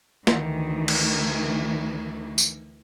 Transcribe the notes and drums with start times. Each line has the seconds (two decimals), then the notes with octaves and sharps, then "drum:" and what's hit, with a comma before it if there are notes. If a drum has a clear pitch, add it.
0.27 D2 D#3 E3, drum: snare
0.88 drum: cymbal
2.38 drum: tambourine